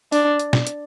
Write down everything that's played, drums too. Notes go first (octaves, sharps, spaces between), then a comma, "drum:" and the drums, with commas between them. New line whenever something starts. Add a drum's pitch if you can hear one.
D4, drum: open hi-hat
drum: hi-hat
drum: snare
drum: hi-hat